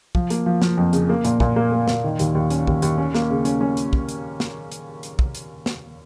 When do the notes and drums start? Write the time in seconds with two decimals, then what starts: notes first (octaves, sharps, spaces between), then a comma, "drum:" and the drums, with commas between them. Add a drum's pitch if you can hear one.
0.15 F3, drum: kick
0.30 A#3, drum: hi-hat
0.46 F3
0.62 F3, drum: snare
0.77 F2
0.93 C#3, drum: hi-hat
1.09 A#3
1.25 A#2, drum: hi-hat
1.40 A#2, drum: kick
1.56 A#3
1.72 A#3
1.88 A#2, drum: snare
2.04 D#3
2.19 D#2, drum: hi-hat
2.35 D#2
2.50 C#4, drum: hi-hat
2.67 D#2, drum: kick
2.82 D#2, drum: hi-hat
2.98 C#4
3.15 A#3, drum: snare
3.30 C#3
3.45 C#4, drum: hi-hat
3.61 C#4
3.77 drum: hi-hat
3.93 drum: kick
4.09 drum: hi-hat
4.40 drum: snare
4.72 drum: hi-hat
5.03 drum: hi-hat
5.19 drum: kick
5.35 drum: hi-hat
5.66 drum: snare